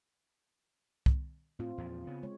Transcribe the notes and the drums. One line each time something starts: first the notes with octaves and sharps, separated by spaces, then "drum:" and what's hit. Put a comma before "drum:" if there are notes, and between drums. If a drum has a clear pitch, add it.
drum: kick C2
A2 C4 F4
E2 A#2 F3
C#3 B3
G#3 C#5